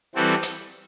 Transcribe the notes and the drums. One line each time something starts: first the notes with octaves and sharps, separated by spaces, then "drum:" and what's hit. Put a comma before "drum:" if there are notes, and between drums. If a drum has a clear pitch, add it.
E3 G3 C4 F#4 A4
drum: hi-hat